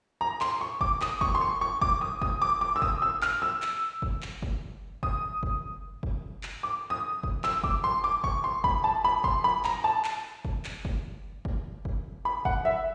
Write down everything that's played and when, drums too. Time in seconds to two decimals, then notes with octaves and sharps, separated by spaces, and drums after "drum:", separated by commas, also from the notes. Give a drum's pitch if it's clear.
0.21 A#5
0.41 C6, drum: clap
0.61 C#6
0.81 D6, drum: kick F#1
1.01 D#6, drum: clap
1.21 C#6, drum: kick F#1
1.35 C6
1.41 C#6
1.61 C#6
1.81 D6, drum: kick F#1
2.01 D#6
2.22 D#6, drum: kick F#1
2.42 D6
2.61 D6
2.76 E6
2.82 D#6, drum: kick F#1
3.02 E6
3.22 F6, drum: clap
3.42 E6
3.62 drum: clap
4.02 drum: kick F#1
4.22 drum: clap
4.42 drum: kick F#1
5.03 D#6, drum: kick F#1
5.43 drum: kick F#1
6.03 drum: kick F#1
6.43 drum: clap
6.63 D6
6.90 D#6
7.23 drum: kick F#1
7.44 E6, drum: clap
7.64 D6, drum: kick F#1
7.84 C6
8.04 D6
8.24 C#6, drum: kick F#1
8.44 C6
8.64 B5, drum: kick F#1
8.84 A5
9.05 B5
9.24 C6, drum: kick F#1
9.44 B5
9.65 A#5, drum: clap
9.84 A5
10.04 drum: clap
10.45 drum: kick F#1
10.65 drum: clap
10.85 drum: kick F#1
11.45 drum: kick F#1
11.85 drum: kick F#1
12.25 B5
12.45 F#5, drum: kick F#1
12.65 E5